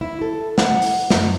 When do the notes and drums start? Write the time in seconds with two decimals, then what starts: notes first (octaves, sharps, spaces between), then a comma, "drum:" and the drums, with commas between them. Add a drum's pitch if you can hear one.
0.01 E4
0.22 A4
0.58 F#5, drum: snare
0.82 drum: open hi-hat
1.10 F#2, drum: snare